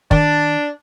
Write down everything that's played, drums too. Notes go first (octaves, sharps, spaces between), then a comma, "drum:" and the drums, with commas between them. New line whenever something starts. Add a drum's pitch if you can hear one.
D#3 D4, drum: kick